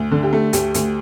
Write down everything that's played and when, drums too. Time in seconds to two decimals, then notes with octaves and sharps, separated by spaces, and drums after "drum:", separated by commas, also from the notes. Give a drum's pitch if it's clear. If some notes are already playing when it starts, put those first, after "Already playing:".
Already playing: D2
0.11 D3
0.23 G4
0.33 A3
0.53 D2 G4, drum: hi-hat
0.74 D2, drum: hi-hat